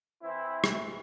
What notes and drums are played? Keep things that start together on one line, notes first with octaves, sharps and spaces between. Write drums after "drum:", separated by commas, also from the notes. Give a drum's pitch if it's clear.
E3 C4 E4
drum: rim click